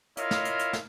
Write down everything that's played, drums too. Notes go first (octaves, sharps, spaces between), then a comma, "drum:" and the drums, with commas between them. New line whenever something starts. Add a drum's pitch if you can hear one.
E4 F4 A#4 C#5 D#5 F5, drum: hi-hat
drum: snare
drum: hi-hat
drum: hi-hat
drum: snare